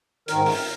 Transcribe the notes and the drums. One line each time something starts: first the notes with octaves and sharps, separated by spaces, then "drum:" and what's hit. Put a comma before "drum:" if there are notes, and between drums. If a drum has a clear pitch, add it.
G#2 D#3 A#4, drum: hi-hat
drum: open hi-hat